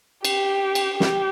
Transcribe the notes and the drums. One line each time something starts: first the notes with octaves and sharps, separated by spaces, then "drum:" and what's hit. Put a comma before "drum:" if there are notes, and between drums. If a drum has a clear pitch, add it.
G4, drum: cymbal
drum: cymbal
G4, drum: snare